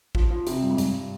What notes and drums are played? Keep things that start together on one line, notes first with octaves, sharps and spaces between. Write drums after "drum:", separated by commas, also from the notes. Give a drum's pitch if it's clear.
F3, drum: kick A1
F3
C3, drum: hi-hat
G2
G#2
G2, drum: hi-hat